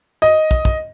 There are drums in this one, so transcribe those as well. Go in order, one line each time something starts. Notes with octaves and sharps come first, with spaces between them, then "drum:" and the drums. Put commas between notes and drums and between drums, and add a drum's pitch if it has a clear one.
D#5
drum: kick
drum: kick